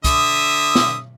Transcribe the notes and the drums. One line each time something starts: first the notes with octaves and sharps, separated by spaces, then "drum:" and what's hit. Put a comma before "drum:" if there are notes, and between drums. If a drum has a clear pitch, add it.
D3 E5 D#6, drum: kick, hi-hat
drum: snare